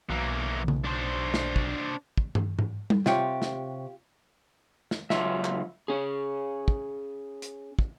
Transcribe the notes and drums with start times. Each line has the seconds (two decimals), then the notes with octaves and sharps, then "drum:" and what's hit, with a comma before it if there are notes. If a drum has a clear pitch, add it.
0.10 B1 E3 A#3
0.68 drum: tom C#3
0.84 D4 C5
1.34 drum: snare
1.56 drum: kick
2.17 drum: kick
2.35 drum: tom G2
2.59 drum: tom
2.90 drum: tom G3
3.06 C3 F4 G4 C#5, drum: snare
3.42 drum: snare
4.91 drum: snare
5.10 C#2 F#3 F4 E5, drum: snare
5.45 drum: clap
5.88 C#4 G#4
6.68 drum: kick
7.42 drum: hi-hat
7.79 drum: kick